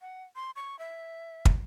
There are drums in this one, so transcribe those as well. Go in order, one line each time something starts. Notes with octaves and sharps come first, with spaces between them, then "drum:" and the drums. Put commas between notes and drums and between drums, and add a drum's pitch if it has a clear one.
F#5
C6
C#6
E5
drum: kick